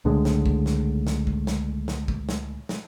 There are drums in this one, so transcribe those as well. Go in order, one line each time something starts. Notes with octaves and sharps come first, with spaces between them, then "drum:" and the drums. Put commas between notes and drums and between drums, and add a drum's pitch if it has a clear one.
C#2 A2 D3 G#3
drum: snare
drum: kick
drum: snare
drum: snare
drum: kick
drum: snare
drum: snare
drum: kick
drum: snare
drum: snare